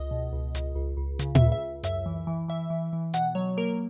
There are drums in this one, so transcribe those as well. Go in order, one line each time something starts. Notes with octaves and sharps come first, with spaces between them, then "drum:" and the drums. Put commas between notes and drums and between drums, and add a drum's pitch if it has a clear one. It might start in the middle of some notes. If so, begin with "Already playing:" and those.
Already playing: C#2 D#5
B2
C#2
C#2, drum: hi-hat
C#2
C#2
C#3, drum: hi-hat
E5, drum: tom A#2
C#2
E5
C#2
F#2 E5, drum: hi-hat
E3
E3
E3 E5
E3
E3
B2 F#5, drum: hi-hat
F#3 C#5
A#3 A#4